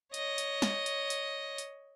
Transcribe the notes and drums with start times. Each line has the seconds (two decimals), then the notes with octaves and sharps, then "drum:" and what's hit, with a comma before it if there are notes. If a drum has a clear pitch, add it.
0.14 C#5 D#5, drum: hi-hat
0.38 drum: hi-hat
0.62 drum: snare
0.86 drum: hi-hat
1.10 drum: hi-hat
1.58 drum: hi-hat